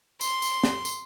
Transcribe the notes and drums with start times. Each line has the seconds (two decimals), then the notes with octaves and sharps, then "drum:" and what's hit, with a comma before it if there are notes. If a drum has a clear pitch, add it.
0.21 C6, drum: tambourine
0.42 drum: tambourine
0.63 drum: snare
0.85 drum: tambourine